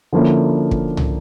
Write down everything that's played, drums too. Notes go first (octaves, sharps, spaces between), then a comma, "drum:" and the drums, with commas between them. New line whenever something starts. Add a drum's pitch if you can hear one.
D3 F3 A#3 C#4 E4
drum: kick
drum: tom